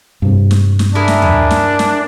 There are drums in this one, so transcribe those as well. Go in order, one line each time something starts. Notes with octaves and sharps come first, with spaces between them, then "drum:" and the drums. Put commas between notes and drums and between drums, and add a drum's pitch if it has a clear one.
G2 C3
drum: snare
drum: snare
D4 E4 G#4 A#4
drum: snare
drum: tom D#2
drum: snare
drum: snare